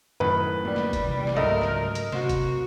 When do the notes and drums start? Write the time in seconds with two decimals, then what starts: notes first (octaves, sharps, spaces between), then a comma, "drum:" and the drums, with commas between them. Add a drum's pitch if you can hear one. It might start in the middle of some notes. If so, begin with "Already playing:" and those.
0.20 F#2 A2 D#3 B4
0.65 G3 A#3
0.76 drum: snare
0.93 drum: kick G1, hi-hat
1.05 C3 E3
1.27 drum: snare
1.37 C#2 G#2 F#3 A3 A#4 D#5
1.61 drum: snare
1.95 drum: hi-hat
2.12 C3 F#4 C5, drum: snare
2.29 drum: kick G1, hi-hat